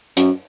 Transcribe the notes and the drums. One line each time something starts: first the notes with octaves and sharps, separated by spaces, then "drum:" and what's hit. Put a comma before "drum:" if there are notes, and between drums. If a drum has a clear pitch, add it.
F#2, drum: hi-hat